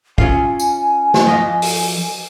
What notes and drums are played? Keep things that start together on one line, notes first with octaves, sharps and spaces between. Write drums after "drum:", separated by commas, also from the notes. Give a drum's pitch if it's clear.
C#4 F4 F5 G#5, drum: kick
drum: tambourine
drum: snare
F3 D#5 F5
drum: open hi-hat